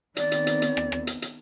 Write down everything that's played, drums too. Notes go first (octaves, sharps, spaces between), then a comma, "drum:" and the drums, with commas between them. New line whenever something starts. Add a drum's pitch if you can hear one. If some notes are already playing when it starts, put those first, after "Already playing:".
D#3 B3 C4 D5, drum: hi-hat
drum: hi-hat
drum: hi-hat
drum: hi-hat
drum: rim click
drum: rim click
drum: hi-hat
drum: hi-hat